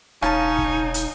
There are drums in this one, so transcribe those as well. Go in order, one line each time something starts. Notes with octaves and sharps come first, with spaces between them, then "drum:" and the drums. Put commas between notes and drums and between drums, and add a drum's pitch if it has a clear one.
E1 C#4 D#4 F5 A5, drum: rim click
drum: kick
drum: hi-hat